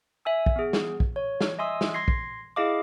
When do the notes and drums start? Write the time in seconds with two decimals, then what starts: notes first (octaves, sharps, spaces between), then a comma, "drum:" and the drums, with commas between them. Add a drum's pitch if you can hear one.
0.25 E5 G#5 E6
0.46 drum: kick
0.56 B3 G#4
0.73 drum: snare
1.00 drum: kick
1.16 C#5
1.41 drum: snare
1.59 D#5 E5 G#5 C6 D#6 E6
1.81 drum: snare
1.94 C6 G#6 A#6 C7
2.08 drum: kick
2.56 E4 G#4 D#5 F5 D6